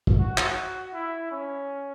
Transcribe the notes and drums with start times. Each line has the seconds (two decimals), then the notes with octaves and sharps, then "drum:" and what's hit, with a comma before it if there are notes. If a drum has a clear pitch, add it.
0.07 drum: kick
0.20 F#4
0.38 drum: clap
0.94 E4
1.31 C#4